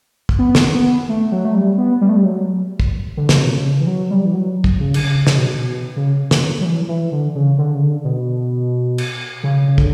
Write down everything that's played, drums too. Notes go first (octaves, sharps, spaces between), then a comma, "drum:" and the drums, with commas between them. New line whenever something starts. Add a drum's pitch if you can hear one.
drum: kick
B3
drum: snare
B3
A3
F#3
A3
G3
B3
G3
A3
G3
F#3
drum: kick
D3
C#3, drum: snare
B2
C#3
E3
F#3
G3
E3
F#3
drum: kick
C#3
D3, drum: cymbal
C#3
C#3, drum: snare
B2
B2
C#3
drum: snare
F#3
E3
E3
D3
C#3
D3
C#3
D3
B2
drum: cymbal
C#3
C#3
D3, drum: kick